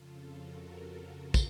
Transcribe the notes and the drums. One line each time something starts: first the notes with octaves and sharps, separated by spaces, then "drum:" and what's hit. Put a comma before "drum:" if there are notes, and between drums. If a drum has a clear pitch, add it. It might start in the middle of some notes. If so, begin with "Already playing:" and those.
Already playing: F2 C#3 F4 A4
F#4 A#4
F4 A4
F4 A4
drum: kick, tambourine